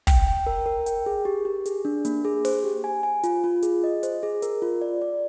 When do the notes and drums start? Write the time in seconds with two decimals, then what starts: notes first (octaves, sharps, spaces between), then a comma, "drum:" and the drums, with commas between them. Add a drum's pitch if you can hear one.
0.07 G5, drum: kick, open hi-hat
0.27 G5
0.47 A#4
0.66 A#4
0.86 G5, drum: hi-hat
1.06 G#4
1.25 G4
1.45 G4
1.66 G#4, drum: hi-hat
1.85 D4
2.05 A#3, drum: hi-hat
2.25 G#4
2.45 C5, drum: open hi-hat
2.64 G4
2.84 G#5
3.03 G#5
3.24 F4, drum: hi-hat
3.44 F4
3.63 G#4, drum: hi-hat
3.84 D#5
4.03 C5, drum: hi-hat
4.23 G#4
4.42 A#4, drum: hi-hat
4.62 F4
4.82 D5
5.02 D5